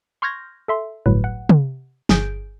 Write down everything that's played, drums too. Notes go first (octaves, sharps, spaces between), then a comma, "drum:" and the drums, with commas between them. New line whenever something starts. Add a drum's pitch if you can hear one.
C6 C#6 F6 G6 G#6 A#6
A4 E5 C6
G1 C2 A2 F#3 B4
F#5
drum: tom
G1 G#4 G6 D7, drum: snare